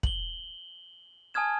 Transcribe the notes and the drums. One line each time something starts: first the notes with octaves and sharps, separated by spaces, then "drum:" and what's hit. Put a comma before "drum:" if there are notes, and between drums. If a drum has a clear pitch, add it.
F#7 G7, drum: kick
G#5 A5 D#6 F6 G#6 E7